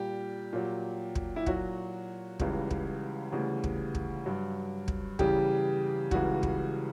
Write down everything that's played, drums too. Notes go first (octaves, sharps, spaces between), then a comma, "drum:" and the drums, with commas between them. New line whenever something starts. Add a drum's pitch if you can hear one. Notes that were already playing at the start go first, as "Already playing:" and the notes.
Already playing: A#2 G3 G4
A#2 F#3
drum: kick
E4
A#2 F#3 F#4, drum: kick
C#2 C#3 E3 G3, drum: kick
drum: kick
D2 C#3 E3 G3
drum: kick
drum: kick
G2 F#3
drum: kick
E2 C#3 E3 G3 G4, drum: kick
C#2 C#3 E3 G3 F#4, drum: kick
drum: kick